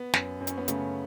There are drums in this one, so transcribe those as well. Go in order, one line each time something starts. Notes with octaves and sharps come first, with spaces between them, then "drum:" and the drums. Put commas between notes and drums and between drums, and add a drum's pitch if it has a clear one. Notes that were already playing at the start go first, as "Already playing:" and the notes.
Already playing: B3
F#2, drum: snare
F#2
C#4, drum: hi-hat
B3
C#3 A3, drum: hi-hat